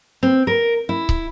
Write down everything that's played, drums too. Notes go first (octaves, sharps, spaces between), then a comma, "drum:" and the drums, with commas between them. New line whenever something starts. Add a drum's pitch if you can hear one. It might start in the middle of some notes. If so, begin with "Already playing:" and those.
C4
A#4
E4
drum: kick